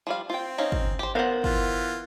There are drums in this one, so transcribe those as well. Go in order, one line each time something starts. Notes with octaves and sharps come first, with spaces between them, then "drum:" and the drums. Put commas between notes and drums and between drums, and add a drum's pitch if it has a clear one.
F3 G3 F5
C4 F4 G5
C#4 D#4 F5
drum: kick
G4 C5
B3 A#4 C5 F5 F#5
E3 F4, drum: kick